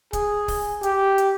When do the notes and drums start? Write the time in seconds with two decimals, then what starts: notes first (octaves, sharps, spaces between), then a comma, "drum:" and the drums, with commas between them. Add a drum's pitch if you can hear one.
0.13 G#4, drum: kick C#1, hi-hat
0.48 drum: kick C#1, open hi-hat
0.83 G4, drum: hi-hat
1.18 drum: hi-hat